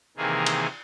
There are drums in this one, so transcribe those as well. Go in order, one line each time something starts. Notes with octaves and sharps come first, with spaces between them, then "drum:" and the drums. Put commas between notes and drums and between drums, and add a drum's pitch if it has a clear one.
C3 D#3 E3 A#3 G#4
drum: cymbal